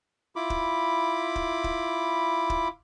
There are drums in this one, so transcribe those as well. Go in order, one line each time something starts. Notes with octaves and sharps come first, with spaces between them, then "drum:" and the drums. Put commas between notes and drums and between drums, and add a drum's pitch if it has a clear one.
E4 F4 B5 D6
drum: kick
drum: kick
drum: kick
drum: kick